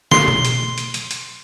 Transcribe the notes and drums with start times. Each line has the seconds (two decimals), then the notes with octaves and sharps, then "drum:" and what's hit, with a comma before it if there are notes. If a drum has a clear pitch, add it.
0.11 C6, drum: snare
0.28 drum: tom B2
0.45 drum: hi-hat
0.78 drum: hi-hat
0.94 drum: hi-hat
1.11 drum: hi-hat